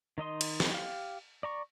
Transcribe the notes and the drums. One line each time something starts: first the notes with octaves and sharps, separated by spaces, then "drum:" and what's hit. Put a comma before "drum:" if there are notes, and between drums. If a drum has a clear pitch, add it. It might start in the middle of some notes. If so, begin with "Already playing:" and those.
D#3 D#4 D#5 C6
drum: cymbal
drum: snare
G4 F5
D5 A#5 C#6